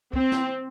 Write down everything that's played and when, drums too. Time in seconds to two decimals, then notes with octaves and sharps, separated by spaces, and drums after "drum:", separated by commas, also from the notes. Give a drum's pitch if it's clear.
0.13 C4, drum: kick
0.32 drum: snare